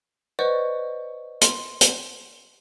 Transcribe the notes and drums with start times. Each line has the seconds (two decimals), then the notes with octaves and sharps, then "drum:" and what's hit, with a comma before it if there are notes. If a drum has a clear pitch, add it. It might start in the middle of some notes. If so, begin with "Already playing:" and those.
0.39 B4 C5 D5 D#5 F#5 C#6
1.41 C6, drum: hi-hat
1.81 drum: hi-hat